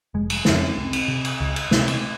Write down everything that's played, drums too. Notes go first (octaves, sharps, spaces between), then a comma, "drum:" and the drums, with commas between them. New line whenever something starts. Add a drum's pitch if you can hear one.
F1 G#3
drum: cymbal
F2 C#3, drum: snare
C4
C2 C4
drum: cymbal
C3
drum: cymbal
C#2
drum: cymbal
C3, drum: snare
drum: cymbal